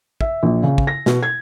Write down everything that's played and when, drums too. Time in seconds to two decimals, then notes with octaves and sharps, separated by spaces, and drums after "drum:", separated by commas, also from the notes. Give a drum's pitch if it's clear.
0.21 E5, drum: kick
0.43 A#1
0.63 C#3
0.78 drum: kick
0.87 A#6
1.06 B2, drum: snare
1.23 G#6